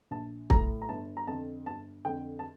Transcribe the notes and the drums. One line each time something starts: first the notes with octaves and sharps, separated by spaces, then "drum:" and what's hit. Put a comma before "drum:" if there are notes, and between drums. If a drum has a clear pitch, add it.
A#1 A5
A2 A3 A#5, drum: kick
A#5
G1 A5
A#5
F2 D3 A5
G1 A5
F2 D3 G5
A5